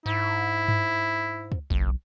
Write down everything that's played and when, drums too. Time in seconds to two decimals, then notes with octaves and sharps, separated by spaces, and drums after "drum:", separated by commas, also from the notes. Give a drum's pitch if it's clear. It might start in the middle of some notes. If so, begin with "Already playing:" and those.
0.06 G#2 E4
0.68 drum: tom G2
1.52 drum: kick
1.70 F#1 B1